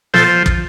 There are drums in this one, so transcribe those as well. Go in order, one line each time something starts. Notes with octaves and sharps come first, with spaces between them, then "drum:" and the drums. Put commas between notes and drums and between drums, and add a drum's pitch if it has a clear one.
F3 A4 C5, drum: snare
drum: kick